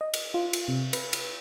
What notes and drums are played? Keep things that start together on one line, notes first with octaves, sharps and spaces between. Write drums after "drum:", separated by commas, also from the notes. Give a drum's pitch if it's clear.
D#5
drum: cymbal
F4
drum: cymbal
C3
B4, drum: cymbal
drum: cymbal